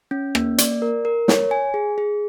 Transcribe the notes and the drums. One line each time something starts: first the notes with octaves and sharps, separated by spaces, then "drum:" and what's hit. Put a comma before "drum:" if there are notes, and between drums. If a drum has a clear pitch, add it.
C#4
A#3, drum: rim click
D5, drum: hi-hat
A#4
A#4
C#5, drum: snare
G#5
G#4
G#4